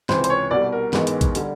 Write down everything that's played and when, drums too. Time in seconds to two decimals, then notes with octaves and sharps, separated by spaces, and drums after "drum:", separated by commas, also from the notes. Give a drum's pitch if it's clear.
0.09 C#2 C3 E3 C5, drum: snare
0.24 C5, drum: hi-hat
0.30 C#5
0.51 C2 B2 G3 D5
0.72 A#4
0.93 A1 G#2 E3 G#3 B3, drum: snare
1.07 drum: hi-hat
1.21 drum: kick A#1, hi-hat
1.35 D3 G3, drum: hi-hat